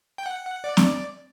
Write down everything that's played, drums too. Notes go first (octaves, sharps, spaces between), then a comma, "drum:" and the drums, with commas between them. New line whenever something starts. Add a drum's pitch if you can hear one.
G5
F#5
D5
drum: snare C4